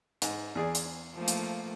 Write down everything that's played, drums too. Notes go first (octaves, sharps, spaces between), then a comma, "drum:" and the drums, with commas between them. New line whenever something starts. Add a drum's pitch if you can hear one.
G#2, drum: hi-hat
E2 G#4 D5
drum: hi-hat
F3 A3 A#3
drum: hi-hat